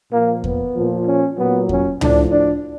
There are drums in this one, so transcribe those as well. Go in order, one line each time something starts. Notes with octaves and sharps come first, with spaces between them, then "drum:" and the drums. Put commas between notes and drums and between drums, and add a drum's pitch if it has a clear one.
A#2 F3 A#3
B3, drum: kick E2
A#2 F3
C#4
A#2 F#3 B3
C#4, drum: kick E2
A2 F3 D4, drum: tom C#2
D4